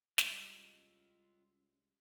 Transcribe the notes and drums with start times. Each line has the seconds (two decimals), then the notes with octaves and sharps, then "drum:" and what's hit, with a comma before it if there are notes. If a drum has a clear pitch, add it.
0.18 C2 G3 G#3 C#4 F4 D#5, drum: snare